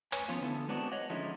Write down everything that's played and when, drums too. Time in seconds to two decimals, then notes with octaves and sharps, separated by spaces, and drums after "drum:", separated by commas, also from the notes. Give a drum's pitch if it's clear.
0.12 B4 C#5 G#5, drum: hi-hat
0.28 F3 B3 C#4 F4
0.41 D3 B3 E4 A4
0.68 G#3 B3 C4 D4 F#4
0.92 C#5 D#5 F#5
1.10 D3 F3 G#3 C#4 D#4 E4